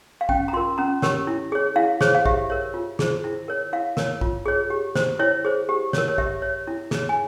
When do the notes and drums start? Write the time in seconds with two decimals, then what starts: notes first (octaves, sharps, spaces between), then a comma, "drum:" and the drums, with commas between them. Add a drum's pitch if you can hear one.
0.21 F5
0.29 C#4 G5, drum: kick A#1
0.48 A#5
0.53 F4 A#4 C6
0.78 C#4 A#5
1.02 G4 A#4 C#5, drum: snare
1.27 E4
1.52 G#4 C#5
1.76 E4 F5
2.01 G#4 C5 C#5, drum: snare
2.15 F5
2.25 G4 E5, drum: kick A#1
2.50 A#4 C#5
2.74 F4
2.99 G#4 C5, drum: snare
3.24 E4
3.48 A#4 C#5
3.73 E4 F5
3.97 A#4 C#5, drum: snare
4.21 F4, drum: kick A#1
4.46 G#4 C#5
4.70 G4
4.95 C5, drum: snare
5.19 E4 C#5
5.45 G#4 C5
5.69 G4
5.93 A#4 C#5, drum: snare
6.08 C#5
6.18 G4 E5, drum: kick A#1
6.42 C#5
6.67 E4
6.91 G#4 C#5, drum: snare
7.09 G#5